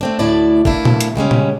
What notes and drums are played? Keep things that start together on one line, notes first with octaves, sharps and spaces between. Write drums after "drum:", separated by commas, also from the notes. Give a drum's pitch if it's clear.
A3 C4 D4
D2 A2 E4 D5 A5
A3 A#3 D4 E4, drum: kick G#1
drum: tom A#2
drum: hi-hat
C#3 G3 G#3 C#4
drum: tom A#2